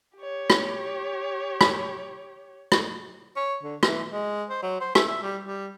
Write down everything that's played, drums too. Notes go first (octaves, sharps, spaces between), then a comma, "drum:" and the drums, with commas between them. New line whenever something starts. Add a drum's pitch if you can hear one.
G4 C#5
drum: rim click
drum: rim click
drum: rim click
C#5
D3
E3, drum: rim click
G#3
C5
F#3
C5
E5, drum: rim click
E5
G3
G3